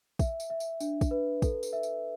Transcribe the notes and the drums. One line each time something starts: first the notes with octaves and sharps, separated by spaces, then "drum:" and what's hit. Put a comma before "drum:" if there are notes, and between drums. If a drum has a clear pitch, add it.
E5, drum: kick, tambourine
drum: tambourine
E5
drum: tambourine
D4, drum: tambourine
drum: kick, tambourine
B4
A4, drum: kick, tambourine
drum: tambourine
E5
drum: tambourine